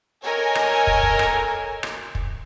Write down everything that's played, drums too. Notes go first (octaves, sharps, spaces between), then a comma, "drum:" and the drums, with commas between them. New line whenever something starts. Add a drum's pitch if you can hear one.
A4 A#4 C#5 D#5 G#5
drum: rim click
drum: kick
drum: kick
drum: rim click
drum: rim click
drum: kick